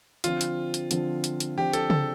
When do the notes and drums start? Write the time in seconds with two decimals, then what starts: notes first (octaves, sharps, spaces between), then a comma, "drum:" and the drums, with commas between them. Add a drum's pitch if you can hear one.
0.24 D3 F3 C4 F4, drum: hi-hat
0.41 drum: hi-hat
0.74 drum: hi-hat
0.91 D3 F3 C4, drum: hi-hat
1.24 drum: hi-hat
1.40 drum: hi-hat
1.57 D3 F3 C4 G4
1.73 A4, drum: hi-hat
1.90 A4, drum: tom C#3